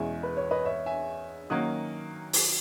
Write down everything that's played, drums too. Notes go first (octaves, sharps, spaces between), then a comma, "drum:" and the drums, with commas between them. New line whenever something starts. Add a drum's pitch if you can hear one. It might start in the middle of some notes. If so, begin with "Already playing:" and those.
Already playing: E2 B2 G#3 C#4 E4 E5 G#5
B4
C#5
B4 D#5
C#5 E5
E5 G#5
D#3 F#3 A#3 C#4 F#4 D#6 F#6
drum: open hi-hat